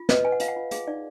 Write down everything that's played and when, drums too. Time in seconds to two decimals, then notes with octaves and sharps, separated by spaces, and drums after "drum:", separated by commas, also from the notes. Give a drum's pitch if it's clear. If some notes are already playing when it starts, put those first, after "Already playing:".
Already playing: F4
0.09 B4 D#5, drum: snare
0.25 B4 G#5
0.32 F#5
0.40 F4 F5, drum: hi-hat
0.48 F#5
0.56 F4
0.71 G#4 F5, drum: hi-hat
0.87 D#4 D5